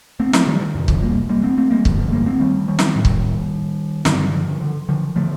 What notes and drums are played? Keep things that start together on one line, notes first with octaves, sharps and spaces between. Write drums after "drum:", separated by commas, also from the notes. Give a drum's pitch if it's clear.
A3 C4
F3 A3, drum: snare
D#3 G3
D#3
F2 C3 D#3
D3 F3, drum: kick
G3 A#3
G3 A#3
A3 C4
A3 C4
G3 A#3
G2 D3 F3 A3, drum: kick
F3 A3
G3 A#3
A3 C4
D#3 G3
D#3 G3
drum: snare
A2
drum: kick
G2 D3 D#3 G3, drum: snare
D3 F3
D3
D3 F3
D3 F3 A3